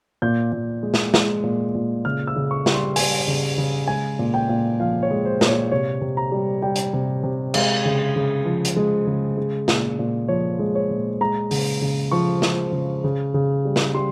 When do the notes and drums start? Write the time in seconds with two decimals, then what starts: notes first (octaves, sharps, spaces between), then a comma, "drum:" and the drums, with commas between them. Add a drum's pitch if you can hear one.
0.22 A#2 G6
0.52 A#2
0.83 G#3
0.94 drum: snare
1.14 G#3, drum: snare
1.43 A#2
1.75 A#2
2.05 C#3 F6
2.27 E6
2.36 C#3
2.51 C#6
2.66 G3, drum: snare
2.74 C6
2.96 G3 G#5, drum: open hi-hat
3.28 C#3
3.58 C#3
3.88 G#3 G#5
4.19 A#2
4.34 G5
4.49 A#2
4.80 F3 F5
5.03 C#5
5.11 G#3
5.25 C5
5.41 A#2, drum: snare
5.48 C#5
5.72 C3 C#5
6.01 C3
6.17 A#5
6.32 G3
6.62 G3 G5
6.76 drum: hi-hat
6.93 C3
7.24 C3
7.54 G#3 F5, drum: cymbal
7.85 C#3
8.16 C#3
8.45 F3
8.65 drum: hi-hat
8.76 G#3
9.07 C#3
9.37 G#3
9.68 A#2, drum: snare
9.99 A#2
10.28 F3 C#5
10.59 G#3
10.75 C#5
10.90 A#2
11.21 G#3 A#5
11.51 C#3, drum: open hi-hat
11.82 C#3
12.11 F3 C#6
12.42 G#3, drum: snare
12.72 C#3
13.04 C#3
13.34 C#3
13.65 G3
13.76 drum: snare
13.94 G3 C6